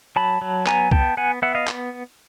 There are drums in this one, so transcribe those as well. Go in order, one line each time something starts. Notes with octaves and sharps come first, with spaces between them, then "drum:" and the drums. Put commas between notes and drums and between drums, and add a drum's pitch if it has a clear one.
F#3 A5 B5
F#3
B3 G#5 A#5, drum: clap
B3 G5 A5, drum: kick
B3 F#5 G#5
B3 E5 F#5
D#5 F5
drum: clap